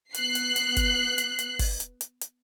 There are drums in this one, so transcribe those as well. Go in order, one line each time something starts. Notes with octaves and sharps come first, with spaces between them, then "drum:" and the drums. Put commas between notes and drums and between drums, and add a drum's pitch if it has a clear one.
B3 F#6 C7, drum: hi-hat
drum: hi-hat
drum: hi-hat
drum: kick G1, hi-hat
drum: hi-hat
drum: hi-hat
drum: kick G1, open hi-hat
drum: hi-hat
drum: hi-hat
drum: hi-hat